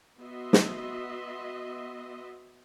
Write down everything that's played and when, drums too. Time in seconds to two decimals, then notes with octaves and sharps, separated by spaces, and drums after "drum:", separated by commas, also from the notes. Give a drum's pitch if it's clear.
0.18 B3 F#4 D#5 E5 C6
0.53 drum: snare